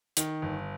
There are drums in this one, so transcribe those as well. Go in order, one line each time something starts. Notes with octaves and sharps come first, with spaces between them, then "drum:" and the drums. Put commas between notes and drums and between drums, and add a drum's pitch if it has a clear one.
D#3, drum: hi-hat
G1